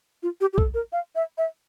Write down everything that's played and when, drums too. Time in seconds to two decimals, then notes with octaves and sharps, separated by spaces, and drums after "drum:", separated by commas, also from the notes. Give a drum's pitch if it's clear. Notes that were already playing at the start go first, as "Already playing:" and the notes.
0.23 F4
0.41 G4
0.53 G4
0.58 A4, drum: kick B1
0.74 A#4
0.93 F5
1.16 E5
1.38 E5